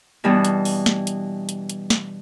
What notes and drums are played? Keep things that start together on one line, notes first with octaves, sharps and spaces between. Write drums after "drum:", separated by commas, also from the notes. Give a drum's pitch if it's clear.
B2 E3 G3 B3 D4
drum: hi-hat
drum: open hi-hat
drum: snare
drum: hi-hat
drum: hi-hat
drum: hi-hat
drum: snare